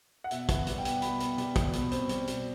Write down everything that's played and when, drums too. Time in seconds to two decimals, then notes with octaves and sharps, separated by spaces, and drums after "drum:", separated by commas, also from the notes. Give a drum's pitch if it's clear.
0.24 F#5
0.31 B2 E5, drum: hi-hat
0.49 B3, drum: kick, hi-hat
0.55 F#5
0.67 G3, drum: hi-hat
0.78 G5
0.85 B2, drum: hi-hat
1.02 B2 B5, drum: hi-hat
1.20 B3, drum: hi-hat
1.38 G3, drum: hi-hat
1.56 B2, drum: kick, hi-hat
1.73 B2, drum: hi-hat
1.91 C4, drum: hi-hat
2.09 G3, drum: hi-hat
2.27 B2, drum: hi-hat